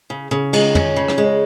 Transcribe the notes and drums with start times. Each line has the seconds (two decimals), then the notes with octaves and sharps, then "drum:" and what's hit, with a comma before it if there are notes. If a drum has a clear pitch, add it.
0.10 C#3
0.31 C#3
0.53 G#3, drum: cymbal
0.75 C#4, drum: tom
0.96 C#3
1.08 drum: rim click
1.18 G#3